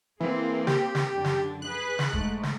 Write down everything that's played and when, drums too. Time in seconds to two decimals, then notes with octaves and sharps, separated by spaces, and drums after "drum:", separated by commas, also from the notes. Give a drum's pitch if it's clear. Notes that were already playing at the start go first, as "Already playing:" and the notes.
0.20 E3 A#3 C4 G#4
0.67 G4, drum: snare
0.95 drum: snare
1.13 F#2 D3 D4
1.24 drum: snare
1.62 G#4 B4 F#6
1.99 drum: snare
2.13 G#2 G#3 A3, drum: kick F1
2.43 drum: snare